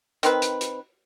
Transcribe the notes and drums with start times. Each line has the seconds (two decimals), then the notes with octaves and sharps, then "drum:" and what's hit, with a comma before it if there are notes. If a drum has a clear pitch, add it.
0.23 D#3 C4 B4, drum: hi-hat
0.42 drum: hi-hat
0.61 drum: hi-hat